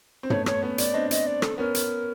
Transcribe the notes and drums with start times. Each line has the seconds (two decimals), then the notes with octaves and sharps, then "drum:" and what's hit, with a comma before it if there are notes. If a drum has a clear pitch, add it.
0.23 C4
0.30 A3 B3 C#5, drum: tom
0.46 C#5, drum: rim click
0.62 B3 C#4
0.78 D5, drum: hi-hat
0.94 C4 D4 D#5
1.11 D#5, drum: hi-hat
1.27 D5
1.42 A4, drum: rim click
1.58 B3 C#4 A#4
1.75 drum: hi-hat